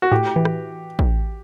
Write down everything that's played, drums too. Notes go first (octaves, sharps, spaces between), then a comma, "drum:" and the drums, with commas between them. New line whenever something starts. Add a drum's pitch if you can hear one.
F#4
A2 G4
E3
drum: rim click
drum: kick